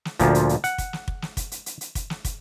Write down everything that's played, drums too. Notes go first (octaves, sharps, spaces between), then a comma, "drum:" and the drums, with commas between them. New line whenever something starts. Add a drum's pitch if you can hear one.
drum: snare
D2 A#2 F3, drum: kick, hi-hat
drum: hi-hat
drum: hi-hat
F#5, drum: hi-hat
drum: kick, hi-hat
drum: snare
drum: kick
drum: snare
drum: kick, hi-hat
drum: hi-hat
drum: hi-hat
drum: hi-hat
drum: kick, hi-hat
drum: snare
drum: kick, hi-hat